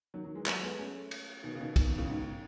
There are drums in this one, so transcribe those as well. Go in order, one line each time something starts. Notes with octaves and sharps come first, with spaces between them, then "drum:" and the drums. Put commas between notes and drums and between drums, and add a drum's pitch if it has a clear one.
D#3 F#3
D#3 F#3
E3 G#3
F#3 A3, drum: clap
G#3 B3
A3 C#4
drum: cymbal
B2 D#3
C#3
B2 D#3
B2 D#3, drum: kick, cymbal
B2 D#3
A2 C#3
G#2 B2